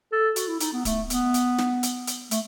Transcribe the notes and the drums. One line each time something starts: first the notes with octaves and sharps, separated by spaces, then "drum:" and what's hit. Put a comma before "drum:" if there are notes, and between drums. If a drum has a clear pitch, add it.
A4
F#4, drum: hi-hat
E4
D#4, drum: hi-hat
B3
A3, drum: kick D1, hi-hat
B3, drum: hi-hat
drum: hi-hat
drum: snare
drum: hi-hat
drum: hi-hat
A3, drum: hi-hat